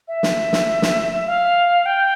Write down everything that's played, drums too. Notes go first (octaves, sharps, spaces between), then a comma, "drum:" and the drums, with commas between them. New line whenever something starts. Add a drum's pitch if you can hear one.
E5
drum: snare
drum: snare
drum: snare
F5
G5